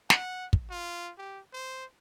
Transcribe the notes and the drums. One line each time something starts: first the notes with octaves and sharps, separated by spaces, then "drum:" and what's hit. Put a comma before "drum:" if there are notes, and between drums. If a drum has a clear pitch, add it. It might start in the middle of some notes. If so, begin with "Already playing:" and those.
F#5, drum: snare
drum: kick
F4
G4
C5